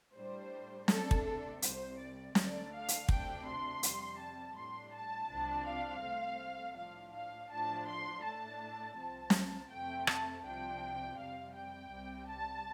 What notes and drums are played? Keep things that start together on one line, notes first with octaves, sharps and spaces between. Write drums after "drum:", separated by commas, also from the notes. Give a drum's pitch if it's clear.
A2 G3 D4 C5
C3 A3 D4 A4, drum: snare
drum: kick
A4
C2 C3 G3 C5, drum: hi-hat
D5
D2 D3 A3 D4 D5, drum: snare
F5
drum: hi-hat
D2 C3 A3 D4 G5, drum: kick
C6
F2 C3 G3, drum: hi-hat
A5
A2 G3 D4 C6
A5
C2 C3 F3 D4
F5
C2 C3 A3 C4
A2 F3 D4 F5
F5
A2 F3 D4 A5
C6
A2 A3 D4 A5
C2 C3 F3 C4 A5
drum: snare
F2 C3 A3 G5
A5, drum: rim click
C2 C3 F3 D4 G5
F2 C3 G3 F5
G5
C2 C3 G3
A5